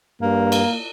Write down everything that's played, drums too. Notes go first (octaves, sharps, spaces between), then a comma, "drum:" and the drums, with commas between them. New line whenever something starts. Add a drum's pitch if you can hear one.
G2 A#3
drum: cymbal